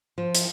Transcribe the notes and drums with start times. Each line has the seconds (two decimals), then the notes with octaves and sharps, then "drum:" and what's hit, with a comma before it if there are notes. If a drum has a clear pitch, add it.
0.18 F3
0.35 drum: hi-hat